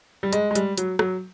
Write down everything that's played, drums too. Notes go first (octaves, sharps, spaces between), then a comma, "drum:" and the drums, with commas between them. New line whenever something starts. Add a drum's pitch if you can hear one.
G3
G#3, drum: hi-hat
G#3
G3, drum: hi-hat
F#3, drum: hi-hat
F#3, drum: rim click